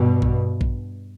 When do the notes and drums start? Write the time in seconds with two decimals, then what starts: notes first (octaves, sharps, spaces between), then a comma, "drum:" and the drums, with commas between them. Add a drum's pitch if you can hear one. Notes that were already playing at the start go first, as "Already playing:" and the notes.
Already playing: G2 B2
0.22 drum: kick A#1
0.61 drum: kick A#1